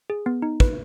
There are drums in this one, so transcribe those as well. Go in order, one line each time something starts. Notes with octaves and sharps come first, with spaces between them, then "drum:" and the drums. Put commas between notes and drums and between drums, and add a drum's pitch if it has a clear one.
G#4
B3
D#4
B4, drum: kick